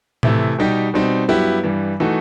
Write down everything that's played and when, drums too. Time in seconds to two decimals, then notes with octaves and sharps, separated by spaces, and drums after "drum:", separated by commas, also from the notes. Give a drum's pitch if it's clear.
0.23 C3 E3 A3 E4, drum: tom A2
0.58 B2 G3 D#4 G4
0.94 B2 G3 C4 D#4
1.28 G2 F#3 B3 E4 G4
1.63 G2 E3 G3
2.00 E3 A3 D#4 F#4